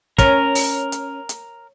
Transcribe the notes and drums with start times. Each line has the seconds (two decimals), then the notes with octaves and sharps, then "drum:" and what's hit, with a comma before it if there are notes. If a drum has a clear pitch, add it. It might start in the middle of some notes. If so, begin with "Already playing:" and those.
0.18 C#4 A#4, drum: kick, hi-hat
0.55 drum: open hi-hat
0.92 drum: hi-hat
1.29 drum: hi-hat